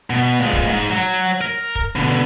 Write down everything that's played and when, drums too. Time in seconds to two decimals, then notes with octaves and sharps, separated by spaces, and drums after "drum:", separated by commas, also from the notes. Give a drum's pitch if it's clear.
0.10 B2
0.40 A#2 G#3
0.53 drum: kick
0.67 G#2
0.90 F#3
1.41 A#4
1.75 drum: kick
1.96 B2 D3